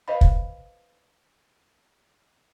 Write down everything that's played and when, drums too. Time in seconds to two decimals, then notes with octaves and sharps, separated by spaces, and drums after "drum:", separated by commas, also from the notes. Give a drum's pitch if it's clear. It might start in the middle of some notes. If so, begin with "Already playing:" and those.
0.08 B4 C5 D#5 F5 B5
0.21 drum: kick